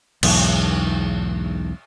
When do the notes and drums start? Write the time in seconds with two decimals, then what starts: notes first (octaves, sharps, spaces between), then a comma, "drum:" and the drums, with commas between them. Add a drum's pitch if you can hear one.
0.23 B1 E2 G#2, drum: cymbal